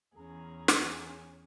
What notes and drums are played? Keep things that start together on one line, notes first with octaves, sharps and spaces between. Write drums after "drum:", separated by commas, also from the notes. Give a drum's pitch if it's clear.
E2 C#4 G#4 A#5
drum: snare